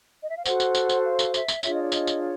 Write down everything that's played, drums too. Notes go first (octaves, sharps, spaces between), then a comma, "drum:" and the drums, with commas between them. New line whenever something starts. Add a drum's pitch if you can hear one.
D#5
E5
F5
F#4 A4 C5 F#5, drum: tambourine
drum: tambourine
drum: tambourine
drum: tambourine
F5
drum: tambourine
E5, drum: tambourine
drum: tambourine
D4 F4 G#4 C#5 E5, drum: tambourine
D#5
D5
D#5, drum: tambourine
drum: tambourine